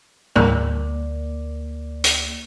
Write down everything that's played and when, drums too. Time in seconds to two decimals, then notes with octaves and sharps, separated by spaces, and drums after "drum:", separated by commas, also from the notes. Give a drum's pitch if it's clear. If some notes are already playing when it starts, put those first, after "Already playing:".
0.36 D2 A#3 D5, drum: tom G#2
2.04 drum: hi-hat